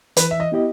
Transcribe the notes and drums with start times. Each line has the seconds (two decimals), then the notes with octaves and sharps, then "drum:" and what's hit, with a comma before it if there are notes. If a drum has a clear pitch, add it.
0.17 E3 B4, drum: hi-hat
0.31 E5
0.40 D#5
0.52 B3 E4 G4 D#5